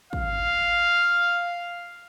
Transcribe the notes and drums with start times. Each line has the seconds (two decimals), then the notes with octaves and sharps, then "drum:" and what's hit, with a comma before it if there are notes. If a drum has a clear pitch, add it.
0.13 F5, drum: kick